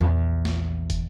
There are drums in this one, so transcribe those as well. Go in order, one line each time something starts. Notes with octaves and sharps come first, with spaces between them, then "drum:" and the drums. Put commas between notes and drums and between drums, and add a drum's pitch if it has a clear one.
A#1 E2
drum: snare
drum: kick, hi-hat